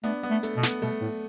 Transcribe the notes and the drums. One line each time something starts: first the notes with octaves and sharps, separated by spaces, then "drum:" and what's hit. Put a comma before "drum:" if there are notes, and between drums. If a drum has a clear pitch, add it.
A3 B3 D4
B3
A3
A3, drum: hi-hat
B2
B3, drum: snare
B2 A3
A2